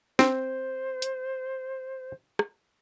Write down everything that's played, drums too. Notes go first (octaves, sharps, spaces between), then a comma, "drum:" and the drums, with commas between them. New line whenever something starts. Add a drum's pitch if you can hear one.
C4 C5, drum: snare
drum: hi-hat
drum: rim click